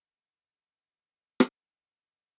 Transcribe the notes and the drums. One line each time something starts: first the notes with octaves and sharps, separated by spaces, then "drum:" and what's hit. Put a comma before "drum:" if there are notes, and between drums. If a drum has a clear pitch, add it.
D5
C5
B4
C5
drum: rim click
C5